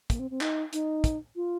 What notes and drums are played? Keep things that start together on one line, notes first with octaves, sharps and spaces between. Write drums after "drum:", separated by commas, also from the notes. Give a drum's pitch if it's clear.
A#3, drum: kick, hi-hat
C4
C4
D#4, drum: clap
D#4, drum: hi-hat
drum: kick, hi-hat
F4